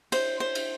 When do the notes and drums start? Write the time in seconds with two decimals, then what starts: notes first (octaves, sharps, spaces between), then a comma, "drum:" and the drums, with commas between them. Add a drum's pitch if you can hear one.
0.12 C5, drum: cymbal
0.40 C5
0.55 drum: cymbal